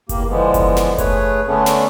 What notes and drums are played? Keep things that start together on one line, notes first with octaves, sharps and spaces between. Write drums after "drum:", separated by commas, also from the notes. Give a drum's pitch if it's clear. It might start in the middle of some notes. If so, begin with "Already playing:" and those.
E2 A#3 G4, drum: kick F#1, hi-hat
D3 E3 F3 G#3 B3
drum: kick F#1, hi-hat
drum: snare
A3 G#4 B4 C#5, drum: kick F#1, hi-hat
D3 A3 B3 C#4 D4
drum: snare